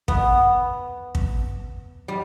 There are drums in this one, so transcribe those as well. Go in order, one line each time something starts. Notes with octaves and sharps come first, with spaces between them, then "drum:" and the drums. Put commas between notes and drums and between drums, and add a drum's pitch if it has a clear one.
B3, drum: kick
drum: kick
G3